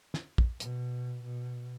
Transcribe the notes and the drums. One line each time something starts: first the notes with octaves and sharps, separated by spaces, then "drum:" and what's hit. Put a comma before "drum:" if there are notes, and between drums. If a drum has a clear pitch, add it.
drum: snare
drum: kick
B2, drum: hi-hat
B2